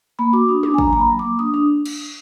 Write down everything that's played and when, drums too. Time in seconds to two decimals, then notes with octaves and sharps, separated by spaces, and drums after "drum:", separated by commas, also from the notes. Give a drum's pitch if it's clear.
0.19 A#3 B5
0.33 F#4 D6
0.49 D4 D#6
0.63 D4 D6, drum: tom
0.74 G#5
0.78 F#3 A#5, drum: kick
0.93 A#3 A#5
0.99 B5
1.10 F#3
1.19 D6
1.25 A#3
1.39 D4 D#6
1.54 D4
1.85 drum: cymbal